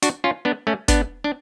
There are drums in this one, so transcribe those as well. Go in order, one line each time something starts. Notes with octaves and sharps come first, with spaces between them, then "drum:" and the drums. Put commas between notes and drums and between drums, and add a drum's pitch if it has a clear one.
D4 F#4, drum: hi-hat
C#4 F4
B3 D4
A3 C#4
B3 D4, drum: kick G1, hi-hat
D4